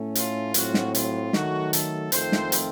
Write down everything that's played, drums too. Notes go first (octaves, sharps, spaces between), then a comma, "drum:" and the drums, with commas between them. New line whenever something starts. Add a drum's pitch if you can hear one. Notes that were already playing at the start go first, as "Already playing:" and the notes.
Already playing: A2 A3 C#4
F4, drum: hi-hat
A2 F#3 C4 F4 F#4, drum: hi-hat
drum: snare
F4, drum: hi-hat
D#3 F#3 A3 F#4, drum: snare
A4, drum: hi-hat
F2 D#3 A3 C4 F4 C5, drum: hi-hat
drum: snare
drum: hi-hat